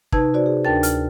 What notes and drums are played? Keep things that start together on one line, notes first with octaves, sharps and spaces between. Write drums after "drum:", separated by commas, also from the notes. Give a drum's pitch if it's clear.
C3 D#4 B4 A5 E6 G#6, drum: kick
F#4 C5 D5
G#4
D2 D4 A#4 G5 A5 A6
F6, drum: hi-hat